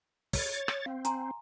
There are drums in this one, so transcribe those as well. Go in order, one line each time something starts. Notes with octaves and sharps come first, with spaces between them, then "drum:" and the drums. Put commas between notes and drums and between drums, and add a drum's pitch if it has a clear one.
C#5 A6, drum: kick, open hi-hat
drum: rim click
C4 F5
G#5 A#5 C6, drum: hi-hat